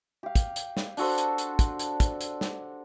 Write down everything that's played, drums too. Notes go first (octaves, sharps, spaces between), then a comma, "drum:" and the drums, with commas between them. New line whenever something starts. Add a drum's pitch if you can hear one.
G4 F5
drum: kick, hi-hat
drum: hi-hat
drum: snare
D4 F#4 A4 C5, drum: open hi-hat
drum: hi-hat
drum: hi-hat
drum: kick, hi-hat
drum: hi-hat
drum: kick, hi-hat
drum: hi-hat
drum: snare